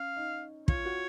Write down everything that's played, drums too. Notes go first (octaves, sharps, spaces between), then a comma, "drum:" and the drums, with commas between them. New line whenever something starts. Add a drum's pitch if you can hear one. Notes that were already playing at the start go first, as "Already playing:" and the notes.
Already playing: C#4 F5
D#4
F4 C#5, drum: kick
F#4